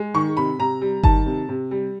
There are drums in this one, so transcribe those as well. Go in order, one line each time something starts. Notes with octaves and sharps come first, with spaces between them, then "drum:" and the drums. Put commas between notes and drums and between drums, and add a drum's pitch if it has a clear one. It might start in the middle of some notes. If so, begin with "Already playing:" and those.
Already playing: G#3
D#3 C#6
C3 B5
C3 A#5
G3
D#3 A5, drum: kick G1
C3
C3
G3